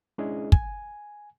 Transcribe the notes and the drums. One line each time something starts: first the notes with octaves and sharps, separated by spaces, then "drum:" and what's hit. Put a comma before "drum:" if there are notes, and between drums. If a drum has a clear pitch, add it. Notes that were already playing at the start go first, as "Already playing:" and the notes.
G#3 C#4 D4 E4 G#4 D#5
G#5, drum: kick